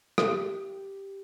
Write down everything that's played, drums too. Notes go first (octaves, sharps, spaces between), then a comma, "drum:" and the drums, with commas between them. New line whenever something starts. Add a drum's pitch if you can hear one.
G4, drum: rim click